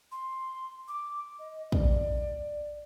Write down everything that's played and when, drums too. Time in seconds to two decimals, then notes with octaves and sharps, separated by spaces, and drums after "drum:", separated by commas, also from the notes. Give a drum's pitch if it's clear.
0.12 C6
0.88 D6
1.39 D#5
1.72 D5, drum: kick